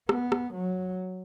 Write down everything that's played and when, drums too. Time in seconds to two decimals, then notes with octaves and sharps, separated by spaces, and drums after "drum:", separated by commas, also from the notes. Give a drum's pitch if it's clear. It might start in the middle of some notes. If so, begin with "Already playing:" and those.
0.09 B3, drum: rim click
0.32 drum: rim click
0.53 F#3